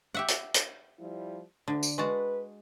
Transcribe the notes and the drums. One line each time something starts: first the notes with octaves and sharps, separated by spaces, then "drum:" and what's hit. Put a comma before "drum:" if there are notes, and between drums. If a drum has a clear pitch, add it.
G4 E5 F#5
drum: hi-hat
drum: hi-hat
F3 G3 E4
D2 D3
drum: tambourine
G#3 F#4 B4 A5